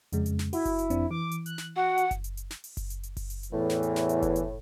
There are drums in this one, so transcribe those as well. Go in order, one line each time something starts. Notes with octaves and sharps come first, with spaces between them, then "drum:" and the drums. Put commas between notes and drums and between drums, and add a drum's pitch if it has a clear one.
F2 C#3 G#3, drum: hi-hat
drum: hi-hat
drum: snare
E4 F#4, drum: open hi-hat
drum: kick F#1, hi-hat
drum: hi-hat
F2 C4 D4, drum: hi-hat
E3 D6
drum: hi-hat
F#6, drum: hi-hat
drum: snare
F#4 F#5
drum: hi-hat
drum: kick F#1, hi-hat
drum: hi-hat
drum: hi-hat
drum: snare
drum: open hi-hat
drum: kick F#1, hi-hat
drum: hi-hat
drum: hi-hat
drum: kick F#1, open hi-hat
drum: hi-hat
drum: hi-hat
E2 A2 E3
drum: snare
drum: hi-hat
drum: snare
drum: hi-hat
drum: kick F#1, hi-hat
drum: hi-hat